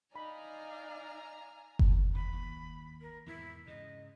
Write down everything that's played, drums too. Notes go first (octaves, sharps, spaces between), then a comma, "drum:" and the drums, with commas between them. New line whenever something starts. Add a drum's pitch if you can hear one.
D#4 D5 F5 G#5 A#5 B5
drum: kick F#1
D#1 D#2 B5
D#2
A#4
E2 G#2 B2 E4
G#2 C#3 D#5